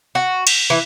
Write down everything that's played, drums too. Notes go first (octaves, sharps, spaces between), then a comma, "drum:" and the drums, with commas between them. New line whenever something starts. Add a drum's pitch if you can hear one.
F#4
drum: cymbal
E3